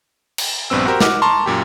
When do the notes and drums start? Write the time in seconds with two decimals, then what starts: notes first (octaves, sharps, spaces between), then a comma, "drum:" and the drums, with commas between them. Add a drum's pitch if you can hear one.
0.38 drum: cymbal
0.70 A#1 G2 B3 C4 E6
0.85 F#4 G4 A#4 C5
1.00 F#4 D6 F6, drum: snare
1.22 A5 A#5 C6 C#6
1.46 F#2 A#2 G4